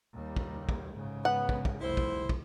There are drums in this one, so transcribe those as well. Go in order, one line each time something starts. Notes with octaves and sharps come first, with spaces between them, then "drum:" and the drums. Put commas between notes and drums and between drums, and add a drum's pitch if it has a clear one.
D#2 G3
drum: kick
drum: kick
G#2 C#3
B3 F#5
drum: kick
drum: kick
F1 C2 E4 C5
drum: kick
drum: kick